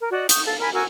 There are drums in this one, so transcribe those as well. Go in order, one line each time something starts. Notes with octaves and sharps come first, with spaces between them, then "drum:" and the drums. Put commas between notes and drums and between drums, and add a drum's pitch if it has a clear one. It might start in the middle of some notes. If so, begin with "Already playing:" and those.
A#4
F#4 D5 D#5
C#6 D#6 G6, drum: hi-hat
A4 F5
A#4 G#5 B5
F#4 A#4 G#5 E6